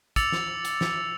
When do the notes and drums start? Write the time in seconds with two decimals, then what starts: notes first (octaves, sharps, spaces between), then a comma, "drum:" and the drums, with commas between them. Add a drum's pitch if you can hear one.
0.16 D6 E6 A6 C#7 F7, drum: kick, hi-hat
0.32 drum: snare
0.65 drum: hi-hat
0.81 drum: snare